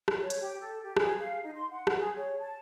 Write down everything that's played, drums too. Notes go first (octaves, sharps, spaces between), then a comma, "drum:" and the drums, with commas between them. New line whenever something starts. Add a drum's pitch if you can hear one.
drum: rim click
C#5
drum: hi-hat
G4
A4
G4
G#4, drum: rim click
F5
D#4
C6
F#5
drum: rim click
G#4
C#5
A5